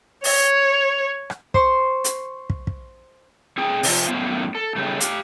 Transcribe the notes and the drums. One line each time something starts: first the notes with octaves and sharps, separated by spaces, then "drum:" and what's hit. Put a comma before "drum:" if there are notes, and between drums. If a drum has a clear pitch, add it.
C#5, drum: open hi-hat
drum: rim click
C5 C6 C#6, drum: kick
drum: hi-hat
drum: kick
drum: kick
A2 C4 G#4 G5
C3 F3, drum: open hi-hat
F#2 A2 B3 F5
A4
C#3 G3 A3
G4 F5, drum: hi-hat